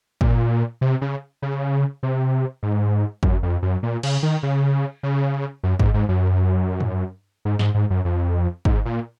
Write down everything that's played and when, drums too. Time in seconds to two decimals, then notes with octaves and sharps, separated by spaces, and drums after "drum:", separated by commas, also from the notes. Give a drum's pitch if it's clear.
0.21 A#2, drum: kick
0.81 C3
1.01 C#3
1.42 C#3
2.03 C3
2.63 G#2
3.23 F#2, drum: kick
3.43 F2
3.63 F#2
3.83 A#2
4.03 C#3, drum: cymbal
4.23 D#3
4.43 C#3
5.03 C#3
5.64 F#2
5.79 G#2, drum: kick
5.94 G#2
6.09 F#2
6.80 drum: tom
7.45 G#2
7.59 G#2, drum: snare
7.74 G#2
7.90 F#2
8.05 F2
8.65 G#2, drum: kick
8.85 A#2